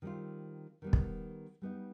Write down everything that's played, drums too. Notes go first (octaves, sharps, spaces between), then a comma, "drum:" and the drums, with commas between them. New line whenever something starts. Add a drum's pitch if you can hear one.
D#3 G3 C4 F4
D#3 G3 B3
drum: kick
G3 B3 D#4